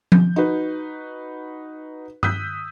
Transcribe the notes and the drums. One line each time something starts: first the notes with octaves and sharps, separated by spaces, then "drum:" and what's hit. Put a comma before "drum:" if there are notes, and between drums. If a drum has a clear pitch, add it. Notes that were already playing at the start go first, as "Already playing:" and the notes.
G6, drum: tom F3
D#4 F#4 B4
D#6 E6 F#6 G6 B6, drum: tom G2